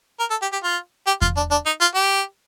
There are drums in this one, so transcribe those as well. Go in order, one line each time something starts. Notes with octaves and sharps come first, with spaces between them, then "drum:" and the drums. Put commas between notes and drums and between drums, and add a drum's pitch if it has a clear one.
A#4
A4
G4
G4
F4
G4
F4, drum: kick E2
D4
D4
D#4
F4
G4